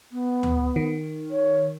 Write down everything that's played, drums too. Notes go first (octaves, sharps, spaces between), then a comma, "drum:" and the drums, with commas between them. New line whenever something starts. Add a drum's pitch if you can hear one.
B3
drum: tom D2
D#3
C#5